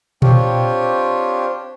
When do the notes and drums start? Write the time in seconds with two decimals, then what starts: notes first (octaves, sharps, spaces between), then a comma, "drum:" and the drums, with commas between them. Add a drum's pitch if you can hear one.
0.22 C4 D4 F4 G4 C#5, drum: tom A#2